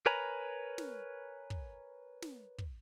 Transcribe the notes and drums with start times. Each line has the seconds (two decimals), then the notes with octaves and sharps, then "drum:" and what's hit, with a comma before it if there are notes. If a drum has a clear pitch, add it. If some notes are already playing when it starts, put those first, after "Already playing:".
0.06 A#4 B4 C#5 G#5 A#5 B5
0.78 drum: snare
1.50 drum: kick
2.22 drum: snare
2.58 drum: kick